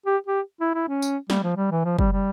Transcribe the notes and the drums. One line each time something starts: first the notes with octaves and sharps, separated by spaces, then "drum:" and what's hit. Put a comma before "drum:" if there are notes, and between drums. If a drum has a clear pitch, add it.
G4
G4
E4
E4
C#4
drum: tambourine
G3, drum: snare
F3
G3
E3
F3
G3, drum: kick
G3